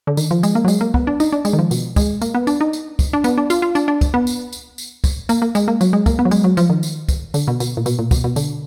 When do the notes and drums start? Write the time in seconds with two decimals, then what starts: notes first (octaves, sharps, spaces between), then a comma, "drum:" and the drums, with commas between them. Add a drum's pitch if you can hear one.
0.07 D3
0.17 D#3, drum: tambourine
0.31 F3
0.43 G#3, drum: tambourine
0.55 A#3
0.65 F#3
0.68 G#3, drum: tambourine
0.81 A#3
0.94 B3, drum: kick
1.07 D4
1.20 D#4, drum: tambourine
1.33 D4
1.45 G#3, drum: tambourine
1.53 D#3
1.59 F3
1.71 B2, drum: tambourine
1.96 G#3, drum: kick, tambourine
2.22 A#3, drum: tambourine
2.34 B3
2.47 D4, drum: tambourine
2.61 D#4
2.73 drum: tambourine
2.99 drum: kick, tambourine
3.13 D4
3.24 B3, drum: tambourine
3.38 D4
3.50 F4, drum: tambourine
3.62 F4
3.75 D4, drum: tambourine
3.88 D4
4.01 drum: kick, tambourine
4.14 B3
4.27 drum: tambourine
4.53 drum: tambourine
4.78 drum: tambourine
5.04 drum: kick, tambourine
5.29 A#3, drum: tambourine
5.42 A#3
5.55 G#3, drum: tambourine
5.68 A#3
5.81 F#3, drum: tambourine
5.93 G#3
6.06 A#3, drum: kick, tambourine
6.19 B3
6.25 F#3
6.31 G#3, drum: tambourine
6.44 F#3
6.57 F3, drum: tambourine
6.70 D#3
6.83 drum: tambourine
7.09 drum: kick, tambourine
7.34 D3, drum: tambourine
7.48 B2
7.60 B2, drum: tambourine
7.77 A#2
7.86 B2, drum: tambourine
7.99 A#2
8.11 B2, drum: kick, tambourine
8.24 B2
8.36 D3, drum: tambourine